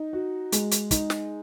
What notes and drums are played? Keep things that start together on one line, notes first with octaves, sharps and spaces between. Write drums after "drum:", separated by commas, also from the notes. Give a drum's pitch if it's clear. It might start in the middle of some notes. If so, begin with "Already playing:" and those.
Already playing: D#4
F#4
G#3, drum: hi-hat
drum: hi-hat
D#4, drum: kick, hi-hat
drum: snare